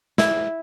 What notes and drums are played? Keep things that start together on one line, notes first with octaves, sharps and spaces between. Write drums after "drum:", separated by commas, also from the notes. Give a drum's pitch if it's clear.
E4, drum: snare